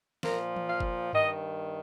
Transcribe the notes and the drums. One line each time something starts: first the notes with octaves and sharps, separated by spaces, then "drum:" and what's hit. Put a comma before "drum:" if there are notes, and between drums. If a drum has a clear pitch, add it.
A#2 F3 A#4, drum: snare
drum: tom E3
F5
drum: kick F#1
G2 D#3 D#5, drum: tom G2